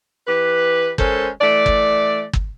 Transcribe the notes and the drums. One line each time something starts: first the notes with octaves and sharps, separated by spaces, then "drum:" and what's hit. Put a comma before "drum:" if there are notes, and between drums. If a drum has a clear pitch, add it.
E3 G4 B4
G#3 C#4 A4 A#4 C5, drum: kick
E3 A3 D5
drum: kick
drum: kick